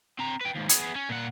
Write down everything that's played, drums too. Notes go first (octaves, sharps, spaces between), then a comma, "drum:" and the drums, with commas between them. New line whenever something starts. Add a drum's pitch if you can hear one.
C4 A#5
B4 G5
D#2 G#2
B3 G#4, drum: hi-hat
C#4
A#2 F#5